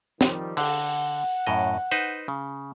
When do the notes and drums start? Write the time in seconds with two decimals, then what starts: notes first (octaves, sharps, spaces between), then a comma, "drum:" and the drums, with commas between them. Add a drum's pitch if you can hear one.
0.21 D#3 F3 G3, drum: snare
0.57 D3 F#5, drum: open hi-hat
1.47 F#2 A2 D#5
1.91 D#4 B4 C5
2.28 C#3